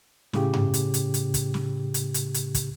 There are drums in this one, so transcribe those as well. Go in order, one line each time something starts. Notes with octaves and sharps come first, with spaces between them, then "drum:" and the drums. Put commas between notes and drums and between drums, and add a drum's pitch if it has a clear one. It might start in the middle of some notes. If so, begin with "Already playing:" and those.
A2 C#3 G4, drum: snare
drum: tom G2
drum: hi-hat
drum: hi-hat
drum: hi-hat
drum: kick, hi-hat
drum: snare
drum: hi-hat
drum: hi-hat
drum: hi-hat
drum: kick, hi-hat